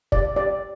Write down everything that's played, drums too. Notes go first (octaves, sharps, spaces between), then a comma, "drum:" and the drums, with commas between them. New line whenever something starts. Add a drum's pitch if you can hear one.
G4 D5, drum: kick
G4 D5